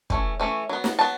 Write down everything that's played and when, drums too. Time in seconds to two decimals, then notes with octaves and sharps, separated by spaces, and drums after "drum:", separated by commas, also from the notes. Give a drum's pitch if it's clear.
0.10 E3 A3 C#4, drum: kick
0.40 E3 A3 C#4
0.69 F#3 B3
0.84 drum: snare
0.99 F#3 B3 A5